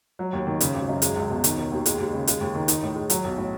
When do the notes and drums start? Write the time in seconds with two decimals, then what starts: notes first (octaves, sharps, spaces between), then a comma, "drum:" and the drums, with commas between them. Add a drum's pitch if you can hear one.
0.19 F#3
0.33 D#2
0.47 D#3
0.61 C#3, drum: hi-hat
0.74 G#1
0.89 F#2
1.02 G#3, drum: hi-hat
1.16 C#2
1.30 B2
1.44 D#3, drum: hi-hat
1.58 E1
1.71 D#2
1.86 G#3, drum: hi-hat
1.99 D#2
2.13 C#3
2.27 G#3, drum: hi-hat
2.41 D#2
2.55 D#3
2.68 D#4, drum: hi-hat
2.83 A2
2.96 G#3
3.10 F#3, drum: hi-hat
3.24 B1
3.37 A2